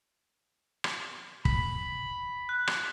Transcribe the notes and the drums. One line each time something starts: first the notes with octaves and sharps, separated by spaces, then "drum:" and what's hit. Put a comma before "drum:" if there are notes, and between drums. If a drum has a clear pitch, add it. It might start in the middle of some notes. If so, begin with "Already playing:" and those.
drum: rim click
B5 B6, drum: kick
F#6
drum: rim click